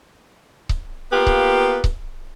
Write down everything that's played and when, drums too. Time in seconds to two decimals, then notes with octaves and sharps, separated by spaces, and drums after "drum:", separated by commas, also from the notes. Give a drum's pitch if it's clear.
0.69 drum: kick C#1
1.12 A#3 B3 F4 G4 B4
1.27 drum: kick C#1
1.84 drum: kick C#1